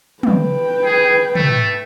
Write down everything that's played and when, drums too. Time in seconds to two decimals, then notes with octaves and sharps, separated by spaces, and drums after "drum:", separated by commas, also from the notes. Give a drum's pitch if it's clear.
0.23 B4 G5, drum: tom
0.84 G#4
1.35 A3, drum: tom